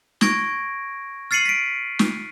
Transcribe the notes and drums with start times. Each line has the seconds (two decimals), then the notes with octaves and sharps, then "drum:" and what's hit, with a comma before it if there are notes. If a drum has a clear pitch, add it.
0.21 C#6 G#6 A#6 D7, drum: snare
1.31 F6 A6 C7 C#7 D#7 F#7
1.46 B6 D7
1.99 drum: snare